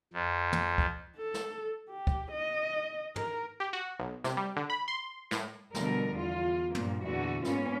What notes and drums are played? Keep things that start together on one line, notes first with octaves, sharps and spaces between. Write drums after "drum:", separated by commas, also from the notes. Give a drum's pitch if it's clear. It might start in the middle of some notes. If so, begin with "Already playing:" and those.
F2
drum: tom
drum: kick
A4
drum: snare
G4
drum: kick
D#5
A#4, drum: tom
G4
F#4
B1
C3, drum: snare
G3
D3
B5
C6
A2, drum: snare
B2 D3 F3 G3 A#4, drum: snare
E2 F4
G2 A#2 F3 A#3, drum: tom
E2 A#2 D3 E3 F#4
G#2 A#3 B3 C#4 F4, drum: snare